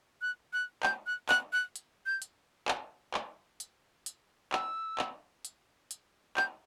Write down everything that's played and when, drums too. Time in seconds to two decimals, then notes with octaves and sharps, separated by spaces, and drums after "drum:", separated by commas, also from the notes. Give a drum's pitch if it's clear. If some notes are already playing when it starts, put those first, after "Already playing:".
0.22 F#6
0.53 F#6
0.83 G6, drum: clap
1.06 F#6
1.29 F#6, drum: clap
1.53 F#6
1.76 drum: hi-hat
2.06 G6
2.22 drum: hi-hat
2.68 drum: clap
3.14 drum: clap
3.60 drum: hi-hat
4.06 drum: hi-hat
4.53 E6, drum: clap
4.98 drum: clap
5.45 drum: hi-hat
5.91 drum: hi-hat
6.37 G6, drum: clap